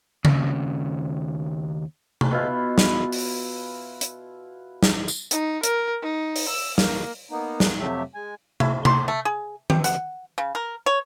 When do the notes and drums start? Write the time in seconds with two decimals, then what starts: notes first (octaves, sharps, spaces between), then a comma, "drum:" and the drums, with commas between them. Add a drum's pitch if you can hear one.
0.25 D#2 C#3, drum: tom C#3
2.21 drum: tom C3
2.31 B2 E4 F4
2.78 drum: snare
3.12 drum: open hi-hat
4.01 drum: hi-hat
4.83 drum: snare
5.08 drum: tambourine
5.31 D#4, drum: hi-hat
5.63 A#4, drum: hi-hat
6.02 D#4
6.36 drum: open hi-hat
6.48 E6
6.78 A#3, drum: snare
7.31 A#3 B3 D#4
7.60 drum: snare
7.79 F2 C3 F#3 A3 G4 E5
8.14 G#3 G#5
8.60 E4, drum: tom C3
8.85 C6, drum: tom C3
9.08 A3
9.25 G#4
9.70 G4, drum: tom
9.84 F#5, drum: hi-hat
10.38 C#3
10.55 A#4
10.86 C#5